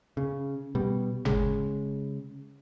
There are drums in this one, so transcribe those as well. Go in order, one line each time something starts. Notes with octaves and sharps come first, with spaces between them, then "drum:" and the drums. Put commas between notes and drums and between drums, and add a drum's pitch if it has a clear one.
C#3
B2 G3
C#3 G#3, drum: tom G1